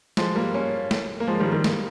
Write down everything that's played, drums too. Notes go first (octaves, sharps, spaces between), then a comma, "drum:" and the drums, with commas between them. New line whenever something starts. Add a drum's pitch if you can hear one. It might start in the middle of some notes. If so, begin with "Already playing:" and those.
F3 G#3, drum: snare
G3 A#3
A#3 C#4
drum: snare
A#3
F3 G#3
D#3 G3
D#3 G3
G3 A#3, drum: snare